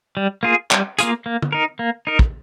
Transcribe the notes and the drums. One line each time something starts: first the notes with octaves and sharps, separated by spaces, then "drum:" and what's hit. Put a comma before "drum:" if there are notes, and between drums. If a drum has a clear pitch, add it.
G3
A#3 F4 G#4
G3, drum: clap
A#3 F4 G#4, drum: hi-hat
A#3
drum: tom
D#4 A#4
A#3
D#4 A#4
drum: kick